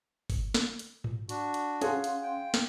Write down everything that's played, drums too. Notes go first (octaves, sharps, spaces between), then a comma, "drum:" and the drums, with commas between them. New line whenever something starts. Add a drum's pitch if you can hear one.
drum: kick, open hi-hat
drum: snare
drum: hi-hat
drum: tom G#2
D4 F#4, drum: hi-hat
drum: hi-hat
C#4 G#4 F5 F#5 C6, drum: hi-hat
drum: hi-hat
G5
drum: snare